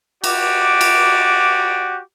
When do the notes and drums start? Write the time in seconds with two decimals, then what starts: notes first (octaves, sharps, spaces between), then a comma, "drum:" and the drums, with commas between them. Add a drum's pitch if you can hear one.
0.24 F#4 G4 D5 D6, drum: cymbal
0.81 drum: cymbal